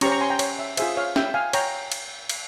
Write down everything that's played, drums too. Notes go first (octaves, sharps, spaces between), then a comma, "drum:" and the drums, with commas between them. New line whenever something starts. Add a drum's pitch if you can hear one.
C#4 G4 C5 A#5 C#6, drum: cymbal
A#5 C#6
G#5 C6
G5 A#5
C#5, drum: cymbal
E5
F4 G#4 C5 E5, drum: cymbal
C#5 F5
E5 G5, drum: snare
F5 G#5
C#5 G5 A#5, drum: cymbal
drum: cymbal
drum: cymbal